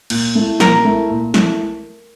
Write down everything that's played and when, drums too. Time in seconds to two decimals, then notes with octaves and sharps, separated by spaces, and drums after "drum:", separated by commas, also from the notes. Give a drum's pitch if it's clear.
0.10 A#2, drum: cymbal
0.35 A3 E4
0.60 A#2 A#4, drum: snare
0.85 A3 E4
1.09 A#2
1.34 A3 E4, drum: snare